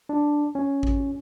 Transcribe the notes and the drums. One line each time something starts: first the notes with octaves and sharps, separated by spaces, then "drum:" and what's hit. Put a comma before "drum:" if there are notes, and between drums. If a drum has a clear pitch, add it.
D4
C#4
drum: kick G#1